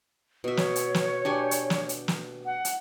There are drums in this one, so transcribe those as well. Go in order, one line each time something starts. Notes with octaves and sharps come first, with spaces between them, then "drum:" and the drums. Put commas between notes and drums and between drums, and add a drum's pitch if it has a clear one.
B2 E5
C#5, drum: snare
drum: hi-hat
drum: snare
D4 G4 G#5
drum: hi-hat
drum: snare
drum: hi-hat
drum: snare
F#5
drum: hi-hat